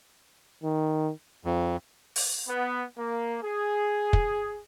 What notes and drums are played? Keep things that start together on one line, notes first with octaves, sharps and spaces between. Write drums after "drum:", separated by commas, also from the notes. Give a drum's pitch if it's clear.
D#3
F2
drum: open hi-hat
B3
A#3
G#4
drum: kick